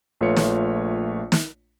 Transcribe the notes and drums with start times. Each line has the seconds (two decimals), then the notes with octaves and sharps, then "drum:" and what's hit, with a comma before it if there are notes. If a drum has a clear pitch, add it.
0.21 A#1 A3 F4 B4 C#5 C#7
0.36 drum: snare
1.32 drum: snare